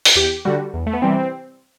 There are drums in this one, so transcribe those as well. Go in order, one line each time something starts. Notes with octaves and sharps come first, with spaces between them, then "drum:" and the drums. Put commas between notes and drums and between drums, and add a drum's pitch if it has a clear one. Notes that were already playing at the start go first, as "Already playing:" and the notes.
drum: open hi-hat
E2 G4
D3 G3 F#4
E2
A3
B3
C3 E3 G3 C4